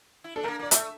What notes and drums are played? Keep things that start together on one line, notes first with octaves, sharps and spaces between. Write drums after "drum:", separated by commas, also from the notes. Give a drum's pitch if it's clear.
E4
D4 A4
A3 A#3 A#4
A#3 D5
A3 E5, drum: hi-hat